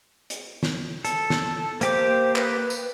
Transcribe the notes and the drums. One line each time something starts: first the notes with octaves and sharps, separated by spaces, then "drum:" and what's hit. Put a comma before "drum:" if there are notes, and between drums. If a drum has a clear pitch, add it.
drum: hi-hat
drum: snare
A4, drum: hi-hat
drum: snare
A#3 G4 C5 D6, drum: hi-hat
B4, drum: clap
drum: tambourine